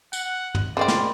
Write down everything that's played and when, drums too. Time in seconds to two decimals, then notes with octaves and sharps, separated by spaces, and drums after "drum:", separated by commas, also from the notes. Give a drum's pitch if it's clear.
0.13 F#5, drum: tambourine
0.55 drum: tom
0.77 C#3 G#3 C4 A#4 D5 B5 C6
0.88 drum: snare